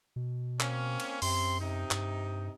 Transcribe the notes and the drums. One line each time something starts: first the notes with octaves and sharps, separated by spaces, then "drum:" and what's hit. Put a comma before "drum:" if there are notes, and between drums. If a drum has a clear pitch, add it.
B2
A#3 C4 C#4, drum: clap
drum: cymbal
F#2 C3 C4 C6, drum: open hi-hat
C3 D#4
G2, drum: clap